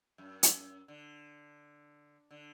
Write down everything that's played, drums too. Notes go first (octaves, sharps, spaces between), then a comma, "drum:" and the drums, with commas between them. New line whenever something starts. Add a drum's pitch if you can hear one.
F#2
drum: hi-hat
D3
D3